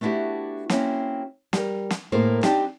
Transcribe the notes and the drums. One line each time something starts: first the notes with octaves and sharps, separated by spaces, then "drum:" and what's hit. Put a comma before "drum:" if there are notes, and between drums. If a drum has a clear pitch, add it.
A3 B3 D4 E4 F#4 G4
A#3 C4 C#4 E4 F#4, drum: snare
G3 A#4, drum: snare
drum: snare
A2 A#3 G#4 A#4 C5
C4 D4 D#4 G4 D5 A5, drum: snare